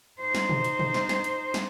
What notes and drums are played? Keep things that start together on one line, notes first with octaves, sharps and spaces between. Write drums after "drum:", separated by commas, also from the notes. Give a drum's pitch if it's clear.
D#4 C5
drum: snare
drum: tom
drum: hi-hat
drum: tom
drum: snare
drum: snare
drum: hi-hat
drum: snare